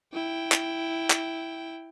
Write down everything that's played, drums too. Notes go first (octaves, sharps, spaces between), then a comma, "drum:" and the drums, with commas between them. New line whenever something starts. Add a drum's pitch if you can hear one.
E4 G5
drum: clap
drum: clap